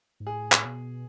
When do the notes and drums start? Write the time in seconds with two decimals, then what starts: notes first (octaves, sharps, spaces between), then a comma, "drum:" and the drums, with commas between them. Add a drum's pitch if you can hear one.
0.20 G#2
0.27 A2 G#4
0.52 drum: clap
0.65 B2